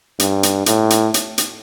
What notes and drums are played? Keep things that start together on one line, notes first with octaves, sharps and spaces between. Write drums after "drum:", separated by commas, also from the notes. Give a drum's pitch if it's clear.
G2, drum: hi-hat
drum: hi-hat
A2, drum: hi-hat
drum: hi-hat
drum: hi-hat
drum: hi-hat